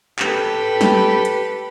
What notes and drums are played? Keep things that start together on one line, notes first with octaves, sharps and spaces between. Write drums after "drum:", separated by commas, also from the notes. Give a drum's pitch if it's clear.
G4 A4 B4 B5, drum: clap
drum: snare
drum: hi-hat